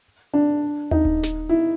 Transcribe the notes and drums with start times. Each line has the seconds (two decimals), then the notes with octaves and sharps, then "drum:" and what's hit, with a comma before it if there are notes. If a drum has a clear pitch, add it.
0.33 D4
0.91 D#4, drum: tom D#2
1.05 drum: kick D#1
1.23 drum: snare
1.49 E4